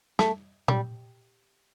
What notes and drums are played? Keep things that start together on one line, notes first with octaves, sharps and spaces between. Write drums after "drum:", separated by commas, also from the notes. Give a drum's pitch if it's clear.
A3, drum: snare
G3, drum: tom A#2